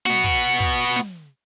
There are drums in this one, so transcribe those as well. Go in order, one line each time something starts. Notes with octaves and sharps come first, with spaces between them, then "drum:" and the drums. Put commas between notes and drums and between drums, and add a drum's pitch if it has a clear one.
B3 F#4, drum: snare
drum: kick
drum: kick
drum: snare